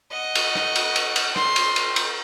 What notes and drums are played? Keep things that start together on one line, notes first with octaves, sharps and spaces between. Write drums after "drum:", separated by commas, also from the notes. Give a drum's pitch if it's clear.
D#5 F#5
drum: cymbal
drum: rim click
drum: cymbal
drum: cymbal
drum: cymbal
C6, drum: rim click
drum: cymbal
drum: cymbal
drum: cymbal